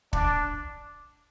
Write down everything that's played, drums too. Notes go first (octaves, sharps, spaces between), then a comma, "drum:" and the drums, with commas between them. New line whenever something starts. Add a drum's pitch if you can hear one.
D4, drum: kick